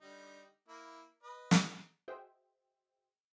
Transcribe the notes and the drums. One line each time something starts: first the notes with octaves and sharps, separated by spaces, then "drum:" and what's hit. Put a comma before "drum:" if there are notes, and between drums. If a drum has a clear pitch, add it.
D3 G3 D#4
A#3 E4
B4 D#5
drum: snare
F#4 G#4 C5 D#5 E5 G5